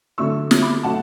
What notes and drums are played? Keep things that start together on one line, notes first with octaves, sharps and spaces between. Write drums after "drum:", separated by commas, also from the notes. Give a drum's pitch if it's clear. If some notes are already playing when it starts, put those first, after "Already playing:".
D3 F#3 A3 C#6 E6
drum: snare
B5 D6
B2 F#3 A3 F#5 A5